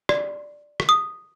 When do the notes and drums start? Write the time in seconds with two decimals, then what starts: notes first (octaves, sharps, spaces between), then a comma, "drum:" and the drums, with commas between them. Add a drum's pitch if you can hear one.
0.09 D5, drum: rim click
0.80 drum: rim click
0.89 D#6